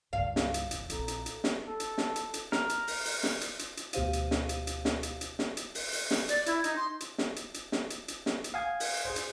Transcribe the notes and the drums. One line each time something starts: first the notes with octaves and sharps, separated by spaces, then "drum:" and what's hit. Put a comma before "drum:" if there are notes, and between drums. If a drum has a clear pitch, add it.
C#2 G2 F5
drum: snare
drum: hi-hat
A#1 E2, drum: hi-hat
A#1 C4 A4 A#5, drum: hi-hat
drum: hi-hat
drum: hi-hat
drum: snare
A4
drum: hi-hat
drum: snare
drum: hi-hat
drum: hi-hat
A#4, drum: snare
drum: hi-hat
drum: open hi-hat
drum: open hi-hat
drum: snare
drum: hi-hat
drum: hi-hat
drum: hi-hat
D2 B2 G4 C5 F5 D#7, drum: hi-hat
drum: hi-hat
drum: snare
drum: hi-hat
drum: hi-hat
drum: snare
drum: hi-hat
drum: hi-hat
drum: snare
drum: hi-hat
drum: open hi-hat
drum: open hi-hat
drum: snare
D5, drum: hi-hat
E4, drum: hi-hat
D#4, drum: hi-hat
C6
drum: hi-hat
drum: snare
drum: hi-hat
drum: hi-hat
drum: snare
drum: hi-hat
drum: hi-hat
drum: snare
drum: hi-hat
F5 F#5 G#5 D#6 G#6
drum: open hi-hat
G#4 C5
drum: hi-hat